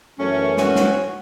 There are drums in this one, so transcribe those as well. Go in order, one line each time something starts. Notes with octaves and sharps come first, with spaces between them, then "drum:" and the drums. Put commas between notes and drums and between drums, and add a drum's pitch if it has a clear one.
F#2 E3 A3 C#4
C#4 F#4, drum: snare
drum: snare